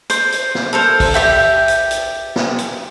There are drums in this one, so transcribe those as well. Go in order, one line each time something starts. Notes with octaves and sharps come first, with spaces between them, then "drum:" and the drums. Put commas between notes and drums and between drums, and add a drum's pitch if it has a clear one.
C5, drum: hi-hat
drum: hi-hat
drum: snare
A4 A#4 C5
drum: kick, open hi-hat
G4 E5 G5
drum: hi-hat
drum: hi-hat
drum: snare
drum: hi-hat